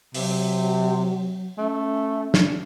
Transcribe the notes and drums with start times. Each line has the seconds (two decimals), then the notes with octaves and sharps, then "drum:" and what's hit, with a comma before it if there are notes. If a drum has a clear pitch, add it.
0.14 C3 F#3, drum: open hi-hat
1.58 A3 C#4
2.34 drum: snare